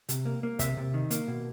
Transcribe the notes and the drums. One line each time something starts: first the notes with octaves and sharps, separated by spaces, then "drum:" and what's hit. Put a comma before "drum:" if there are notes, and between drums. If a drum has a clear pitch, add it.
C3, drum: hi-hat
A#3
A#3
C3 E5, drum: kick, hi-hat
C3
D#3
A#3, drum: hi-hat
B2